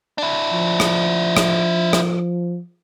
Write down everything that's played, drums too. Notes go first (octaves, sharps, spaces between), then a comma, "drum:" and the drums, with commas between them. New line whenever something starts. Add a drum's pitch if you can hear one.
D4 E4
F3
drum: rim click
drum: rim click
drum: rim click